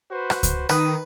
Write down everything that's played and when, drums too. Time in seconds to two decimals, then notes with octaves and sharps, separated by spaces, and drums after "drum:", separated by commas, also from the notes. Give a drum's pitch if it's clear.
0.10 F#4 B4 C5
0.30 drum: rim click
0.43 drum: kick C#2, hi-hat
0.69 D#3 B4 D#6, drum: rim click